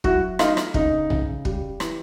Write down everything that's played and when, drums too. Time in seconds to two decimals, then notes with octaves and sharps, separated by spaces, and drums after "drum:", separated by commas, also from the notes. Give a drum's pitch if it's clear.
0.04 F#3 E4 F#4, drum: kick
0.39 A3 D#4 F4, drum: rim click
0.57 drum: rim click
0.74 C#3 D#4, drum: kick
1.10 C#3, drum: tom B1
1.45 G3, drum: kick
1.80 E3, drum: rim click